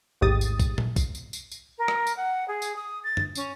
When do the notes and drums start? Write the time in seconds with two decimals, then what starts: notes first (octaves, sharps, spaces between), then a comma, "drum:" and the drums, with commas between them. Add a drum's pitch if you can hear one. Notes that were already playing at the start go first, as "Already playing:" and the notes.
0.21 A1 D#2 G#2 G4 D#6 A6
0.41 drum: tambourine
0.60 drum: kick, tambourine
0.78 drum: tom A#2
0.96 drum: kick, tambourine
1.15 drum: tambourine
1.33 drum: tambourine
1.52 drum: tambourine
1.78 A#4
1.88 drum: rim click
2.07 drum: tambourine
2.16 F#5
2.48 G#4
2.62 drum: tambourine
2.76 D#6
3.03 A6
3.17 drum: tom F#2
3.35 C#4, drum: tambourine